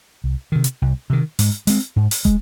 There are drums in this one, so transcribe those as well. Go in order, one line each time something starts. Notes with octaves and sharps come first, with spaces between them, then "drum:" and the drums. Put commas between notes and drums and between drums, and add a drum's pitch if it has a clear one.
C2
C3 D#3
drum: hi-hat
C2
C3 D#3
G#2, drum: open hi-hat
G#3 C4, drum: open hi-hat
G#2
drum: open hi-hat
G#3, drum: kick